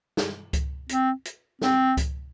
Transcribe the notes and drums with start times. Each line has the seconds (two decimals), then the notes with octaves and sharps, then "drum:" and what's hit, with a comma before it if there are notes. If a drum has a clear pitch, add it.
0.17 drum: snare
0.53 drum: kick C#2, hi-hat
0.89 C4, drum: hi-hat
1.25 drum: hi-hat
1.62 C4, drum: snare
1.97 drum: kick C#2, hi-hat